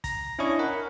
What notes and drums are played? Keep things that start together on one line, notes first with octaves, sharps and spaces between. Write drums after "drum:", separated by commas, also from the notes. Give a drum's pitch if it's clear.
A#5 A#6, drum: kick, hi-hat
C#4 D4 E4 C#5 D#5 C#6
A#4 F#5 B5